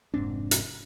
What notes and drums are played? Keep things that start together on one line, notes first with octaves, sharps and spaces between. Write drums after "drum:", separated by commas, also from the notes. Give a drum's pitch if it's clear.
F1 G#2 C4 D4
drum: hi-hat